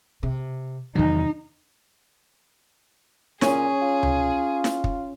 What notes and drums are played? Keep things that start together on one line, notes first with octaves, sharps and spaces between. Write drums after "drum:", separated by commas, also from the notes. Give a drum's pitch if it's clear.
C3
E2 C3 D#3 F#3 D#4
A#2 C#4 G#4, drum: snare E4
F4
drum: tom C#2
drum: snare E4
drum: kick